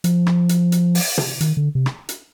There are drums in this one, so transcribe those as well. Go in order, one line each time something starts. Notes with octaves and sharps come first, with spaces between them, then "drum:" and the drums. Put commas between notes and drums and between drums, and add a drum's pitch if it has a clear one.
F3, drum: hi-hat
drum: rim click
drum: hi-hat
drum: hi-hat
drum: open hi-hat
drum: tom
D#3, drum: hi-hat
D3
C3
drum: rim click
drum: hi-hat